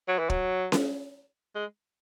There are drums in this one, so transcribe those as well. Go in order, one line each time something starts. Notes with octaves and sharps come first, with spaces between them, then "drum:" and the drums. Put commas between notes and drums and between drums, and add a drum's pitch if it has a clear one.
F#3
E3
F#3, drum: kick
drum: snare C#4
G#3